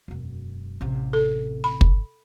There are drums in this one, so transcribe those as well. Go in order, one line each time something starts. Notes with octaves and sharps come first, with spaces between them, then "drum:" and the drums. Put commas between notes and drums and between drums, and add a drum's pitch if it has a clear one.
E1 F#2
A1 C3
A4
B5
drum: kick